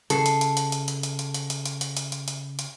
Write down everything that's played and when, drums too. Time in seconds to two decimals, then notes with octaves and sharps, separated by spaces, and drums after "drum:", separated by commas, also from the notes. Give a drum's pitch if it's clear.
0.10 C#3 A4 C7, drum: hi-hat
0.26 drum: hi-hat
0.41 drum: hi-hat
0.57 drum: hi-hat
0.72 drum: hi-hat
0.88 drum: hi-hat
1.03 drum: hi-hat
1.19 drum: hi-hat
1.34 drum: hi-hat
1.50 drum: hi-hat
1.66 drum: hi-hat
1.81 drum: hi-hat
1.97 drum: hi-hat
2.12 drum: hi-hat
2.28 drum: hi-hat
2.59 drum: hi-hat